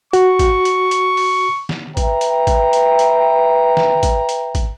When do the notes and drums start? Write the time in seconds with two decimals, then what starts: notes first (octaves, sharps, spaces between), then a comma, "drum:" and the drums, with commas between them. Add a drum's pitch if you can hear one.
0.13 F#4 C#6, drum: hi-hat
0.39 drum: kick, hi-hat
0.65 drum: hi-hat
0.91 drum: hi-hat
1.17 drum: open hi-hat
1.69 drum: snare
1.97 B4 E5 G5 A#5, drum: kick, hi-hat
2.21 drum: hi-hat
2.47 drum: kick, hi-hat
2.73 drum: hi-hat
2.99 drum: hi-hat
3.77 drum: snare
4.03 drum: kick, hi-hat
4.29 drum: hi-hat
4.55 drum: kick, hi-hat